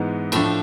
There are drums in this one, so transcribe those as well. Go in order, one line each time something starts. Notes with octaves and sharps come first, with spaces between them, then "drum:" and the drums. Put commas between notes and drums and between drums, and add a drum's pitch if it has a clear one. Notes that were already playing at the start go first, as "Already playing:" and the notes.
Already playing: G#2 E3 G#3 B3
A2 F3 A3 D4, drum: cymbal